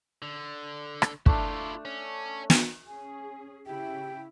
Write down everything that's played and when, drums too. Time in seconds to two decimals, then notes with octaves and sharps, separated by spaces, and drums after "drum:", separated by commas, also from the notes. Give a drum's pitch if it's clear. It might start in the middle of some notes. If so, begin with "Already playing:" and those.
0.22 D3
1.02 drum: rim click
1.26 A3 D4 E4 F4, drum: kick
1.85 C#4
2.50 drum: snare
2.87 C#4 G#4 G#5
3.66 C#3 E4 G4 G5